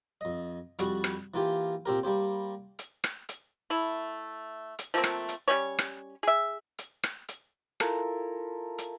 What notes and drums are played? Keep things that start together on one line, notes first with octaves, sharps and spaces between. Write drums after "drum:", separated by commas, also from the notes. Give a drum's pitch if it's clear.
F2 D#5
F2 G3 F#4, drum: hi-hat
drum: rim click
E3 A#3 F4 G4
A#2 C4 G4 A#4
G3 A#3 G4 C5
drum: hi-hat
drum: rim click
drum: hi-hat
A3 E4
drum: hi-hat
F3 A3 A#3 C4
drum: rim click
drum: hi-hat
G3 B3 C#4 C#5
drum: rim click
G#4 E5
drum: hi-hat
drum: rim click
drum: hi-hat
E4 F4 A4 A#4, drum: rim click
drum: hi-hat